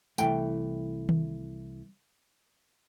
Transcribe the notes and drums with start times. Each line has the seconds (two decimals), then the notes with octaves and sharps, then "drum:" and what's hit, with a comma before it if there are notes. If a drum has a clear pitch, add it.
0.18 C2 C3 E3 A3 G5, drum: tambourine
1.09 drum: tom D#3